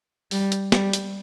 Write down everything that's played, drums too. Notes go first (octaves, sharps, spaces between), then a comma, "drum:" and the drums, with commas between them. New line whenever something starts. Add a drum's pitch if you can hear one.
G3, drum: open hi-hat
drum: hi-hat
G3, drum: snare
drum: hi-hat